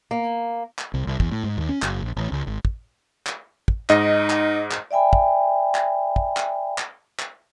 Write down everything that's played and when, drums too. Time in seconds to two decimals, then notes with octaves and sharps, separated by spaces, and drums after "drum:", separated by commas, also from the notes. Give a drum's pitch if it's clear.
0.11 A#3
0.79 drum: clap
0.94 C2
1.07 C2
1.20 E2, drum: kick
1.32 A2
1.44 G#2
1.58 D#2
1.69 C#4
1.82 F#1, drum: clap
2.02 A#1
2.16 A1
2.32 C#2
2.47 G#1
2.65 drum: kick
3.27 drum: clap
3.68 drum: kick
3.90 G#2 D#4 D#5, drum: clap
4.30 drum: clap
4.71 drum: clap
4.91 D5 E5 G5 G#5 B5
5.13 drum: kick
5.75 drum: clap
6.16 drum: kick
6.37 drum: clap
6.78 drum: clap
7.19 drum: clap